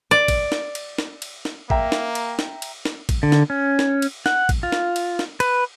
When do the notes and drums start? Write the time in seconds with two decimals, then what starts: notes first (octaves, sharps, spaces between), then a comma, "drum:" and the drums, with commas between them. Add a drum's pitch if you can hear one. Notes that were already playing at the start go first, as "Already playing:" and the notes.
0.11 D5
0.28 drum: kick, cymbal
0.52 drum: snare
0.75 drum: cymbal
0.98 drum: snare
1.22 drum: cymbal
1.45 drum: snare
1.70 A#3 E5 G5 A#5, drum: kick
1.92 drum: snare
2.15 drum: cymbal
2.39 drum: snare
2.62 drum: cymbal
2.85 drum: snare
3.09 drum: kick, cymbal
3.23 D3
3.32 drum: snare
3.50 C#4
3.79 drum: snare
4.02 drum: cymbal
4.26 F#5, drum: snare
4.49 drum: kick, cymbal
4.63 F4
4.72 drum: snare
4.96 drum: cymbal
5.19 drum: snare
5.40 B4, drum: cymbal